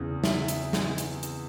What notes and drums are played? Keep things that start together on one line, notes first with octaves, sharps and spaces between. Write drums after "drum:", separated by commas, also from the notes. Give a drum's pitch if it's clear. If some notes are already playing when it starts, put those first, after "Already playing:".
Already playing: E2 C#3 E3
E5, drum: snare
drum: hi-hat
drum: snare
drum: hi-hat
drum: hi-hat